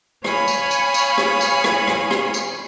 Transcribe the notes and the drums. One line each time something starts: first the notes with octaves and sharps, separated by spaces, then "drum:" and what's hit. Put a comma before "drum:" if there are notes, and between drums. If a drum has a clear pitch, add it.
C#5 F5 G#5 B5 D#6, drum: rim click
drum: tambourine
drum: tambourine
drum: tambourine
drum: rim click
drum: tambourine
drum: rim click
drum: rim click
drum: rim click
drum: tambourine